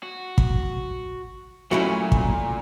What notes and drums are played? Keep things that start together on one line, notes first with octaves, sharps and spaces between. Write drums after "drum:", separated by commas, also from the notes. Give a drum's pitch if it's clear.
F#4
drum: kick
A#2 F#3 A3 C#4 E4 F#4 G4
drum: kick